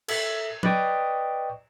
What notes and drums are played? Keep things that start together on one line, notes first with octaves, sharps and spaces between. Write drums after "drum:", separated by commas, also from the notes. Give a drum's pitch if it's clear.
A4 E5, drum: cymbal
B4 D5 D#5 G5 C#6 D#6, drum: tom